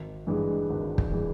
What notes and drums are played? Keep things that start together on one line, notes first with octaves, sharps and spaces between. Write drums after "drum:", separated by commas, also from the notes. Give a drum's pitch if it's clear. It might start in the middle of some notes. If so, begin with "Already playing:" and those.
Already playing: G#1
G2 E3 G#3
G#1
drum: kick
E3 G#3